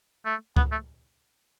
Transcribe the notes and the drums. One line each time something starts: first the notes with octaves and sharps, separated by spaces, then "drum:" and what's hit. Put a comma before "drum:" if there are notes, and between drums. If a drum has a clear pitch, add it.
A3
B3, drum: kick C#2
A3